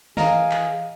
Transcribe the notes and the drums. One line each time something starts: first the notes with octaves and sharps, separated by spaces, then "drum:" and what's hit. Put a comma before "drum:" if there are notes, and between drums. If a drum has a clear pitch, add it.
E3 G#4 A#4 D#5 F5 A#5, drum: snare
drum: clap